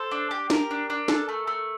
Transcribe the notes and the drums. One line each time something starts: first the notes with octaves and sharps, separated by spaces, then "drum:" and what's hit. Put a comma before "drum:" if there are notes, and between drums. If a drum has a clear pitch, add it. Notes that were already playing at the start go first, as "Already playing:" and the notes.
Already playing: A4 C5
D4
G4
G4 A#4, drum: snare
D4
D4
A4, drum: snare
A3
A3